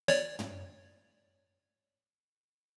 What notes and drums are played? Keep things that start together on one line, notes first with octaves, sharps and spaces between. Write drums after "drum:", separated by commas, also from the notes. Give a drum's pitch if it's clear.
C#5 D5, drum: snare
drum: tom